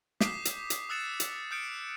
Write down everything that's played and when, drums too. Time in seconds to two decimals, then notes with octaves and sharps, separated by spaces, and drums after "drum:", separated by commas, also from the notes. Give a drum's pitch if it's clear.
0.21 D6 D#6 G6 B6 C7 E7, drum: snare
0.45 drum: hi-hat
0.70 drum: hi-hat
0.89 D#6 E6 F#6 A6 C#7 E7
1.20 drum: hi-hat
1.51 D#6 F6 G6 C#7 D7